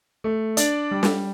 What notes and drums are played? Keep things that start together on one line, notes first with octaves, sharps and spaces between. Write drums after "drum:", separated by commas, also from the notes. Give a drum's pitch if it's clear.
A3
D4 D5, drum: hi-hat
G3
drum: snare